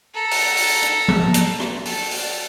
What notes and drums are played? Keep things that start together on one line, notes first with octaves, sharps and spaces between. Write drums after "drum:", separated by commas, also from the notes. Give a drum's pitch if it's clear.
A4 A#5
drum: open hi-hat
drum: open hi-hat
drum: hi-hat
drum: tom F3
drum: hi-hat
drum: rim click
A4, drum: open hi-hat
drum: open hi-hat